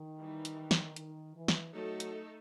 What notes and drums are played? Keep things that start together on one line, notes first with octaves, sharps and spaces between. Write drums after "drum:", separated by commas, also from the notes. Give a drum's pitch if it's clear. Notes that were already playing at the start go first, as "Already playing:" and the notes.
Already playing: D#3
E3 G3 D#4
drum: hi-hat
drum: snare
D#3, drum: hi-hat
E3
drum: snare
F#3 A3 D#4 A4
drum: hi-hat